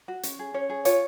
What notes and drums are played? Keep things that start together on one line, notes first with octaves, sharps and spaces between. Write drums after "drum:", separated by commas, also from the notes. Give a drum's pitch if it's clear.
F#4
C#4, drum: hi-hat
G#4
C#4 C#5
G#4
F4 C#5, drum: hi-hat